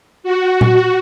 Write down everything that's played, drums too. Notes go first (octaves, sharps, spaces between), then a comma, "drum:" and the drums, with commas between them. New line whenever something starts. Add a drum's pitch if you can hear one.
F#4
drum: tom A#2